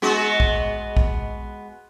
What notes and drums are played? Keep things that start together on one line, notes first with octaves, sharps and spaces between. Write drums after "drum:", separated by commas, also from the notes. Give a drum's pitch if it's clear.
G#3 B3 F#4
drum: kick A#1
drum: kick A#1